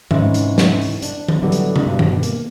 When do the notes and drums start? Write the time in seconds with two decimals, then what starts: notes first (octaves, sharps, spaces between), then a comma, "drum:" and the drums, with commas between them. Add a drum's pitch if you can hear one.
0.11 G#2 C3 E3 C#4 E5, drum: tom D#3
0.34 drum: hi-hat
0.58 drum: snare
0.81 drum: open hi-hat
1.02 D4, drum: hi-hat
1.28 drum: tom D#3
1.42 A2 D3 E3 F#3 G3 B3
1.52 drum: hi-hat
1.76 drum: tom C3
1.86 G2 B2
1.99 drum: tom D#3
2.23 A#3, drum: hi-hat